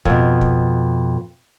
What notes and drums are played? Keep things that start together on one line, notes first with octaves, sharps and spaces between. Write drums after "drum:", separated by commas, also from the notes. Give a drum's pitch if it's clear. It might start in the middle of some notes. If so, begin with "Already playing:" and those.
F2 B2, drum: kick
drum: kick